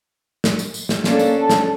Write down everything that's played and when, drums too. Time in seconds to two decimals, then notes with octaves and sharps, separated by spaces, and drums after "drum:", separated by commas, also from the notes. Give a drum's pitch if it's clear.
0.44 drum: snare
0.59 drum: tambourine
0.74 drum: tambourine
0.89 drum: snare
1.04 A#3 C#4 D4 A4, drum: snare
1.19 drum: tambourine
1.40 A5
1.50 drum: snare